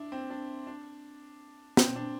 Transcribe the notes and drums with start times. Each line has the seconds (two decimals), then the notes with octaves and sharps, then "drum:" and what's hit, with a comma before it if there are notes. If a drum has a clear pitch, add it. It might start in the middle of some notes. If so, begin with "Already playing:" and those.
Already playing: D4 E4
0.12 C4
0.30 D4
0.67 D4
1.77 C4, drum: snare
1.96 D4